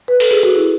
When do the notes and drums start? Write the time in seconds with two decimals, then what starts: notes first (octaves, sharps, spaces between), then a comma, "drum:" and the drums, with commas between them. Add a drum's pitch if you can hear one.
0.08 B4
0.20 A4, drum: open hi-hat
0.31 G#4
0.43 F#4
0.56 E4